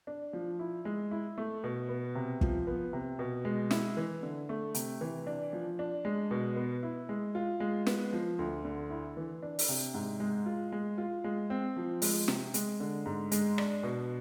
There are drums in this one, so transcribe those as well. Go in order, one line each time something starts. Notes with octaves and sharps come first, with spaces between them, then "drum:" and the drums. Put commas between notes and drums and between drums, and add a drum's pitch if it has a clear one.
D4
F3
E4
G#3
E4
A3
B2
B3
C3
F3, drum: kick
B3
C3
B2
G#3
E4, drum: snare
E3
D3
A3
C3, drum: hi-hat
E3
D4
F3
D4
G#3
B2
B3
E4
G#3
F4
G#3
B3, drum: snare
F3
D2
D3
E4
E3
D4
drum: open hi-hat
C3
G#2
G#3
F4
G#3
F4
G#3
C4
F3
G#3, drum: open hi-hat
C3, drum: snare
G#3, drum: hi-hat
D3
G#2
G#3, drum: hi-hat
D4, drum: rim click
B2